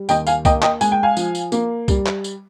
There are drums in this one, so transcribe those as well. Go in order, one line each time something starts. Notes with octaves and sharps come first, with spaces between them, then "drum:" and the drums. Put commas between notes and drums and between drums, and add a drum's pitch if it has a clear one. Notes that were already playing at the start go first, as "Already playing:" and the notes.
Already playing: G3
D#2 D#5 G5, drum: tambourine
F5 G#5, drum: tambourine
A#3 D#5 G5, drum: kick, tambourine
D#5 G5, drum: clap
G#3 G#5, drum: tambourine
G5
F5 G#5
F3, drum: tambourine
drum: tambourine
A#3, drum: tambourine
G3, drum: kick, tambourine
drum: clap
drum: tambourine